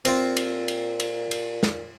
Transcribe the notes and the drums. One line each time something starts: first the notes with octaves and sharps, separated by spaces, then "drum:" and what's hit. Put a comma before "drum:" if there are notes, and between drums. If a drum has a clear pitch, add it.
A#2 C4 F4, drum: cymbal
drum: cymbal
drum: cymbal
drum: cymbal
drum: cymbal
drum: snare